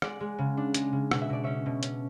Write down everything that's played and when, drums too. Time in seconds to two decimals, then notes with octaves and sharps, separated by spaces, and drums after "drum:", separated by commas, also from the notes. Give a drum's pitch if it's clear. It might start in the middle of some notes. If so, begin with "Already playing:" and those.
0.02 G#3 D5 F#5, drum: rim click
0.20 G#3
0.38 C#3
0.57 D4
0.74 G#3, drum: hi-hat
0.93 C#3
1.11 B2 F#5, drum: rim click
1.21 E5
1.30 B2 D5
1.44 C#4 C#5 E5
1.66 B2
1.83 C#4, drum: hi-hat